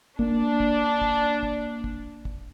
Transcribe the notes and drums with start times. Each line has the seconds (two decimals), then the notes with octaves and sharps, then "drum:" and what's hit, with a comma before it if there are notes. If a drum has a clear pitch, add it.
0.19 A#3 D4, drum: kick
0.60 drum: kick
1.02 drum: kick
1.43 drum: kick
1.84 drum: kick
2.25 drum: kick